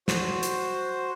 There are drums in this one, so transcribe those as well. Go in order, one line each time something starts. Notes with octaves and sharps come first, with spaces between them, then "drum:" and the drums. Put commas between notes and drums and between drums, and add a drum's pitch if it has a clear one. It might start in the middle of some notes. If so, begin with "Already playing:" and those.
F#4 C5, drum: snare
drum: hi-hat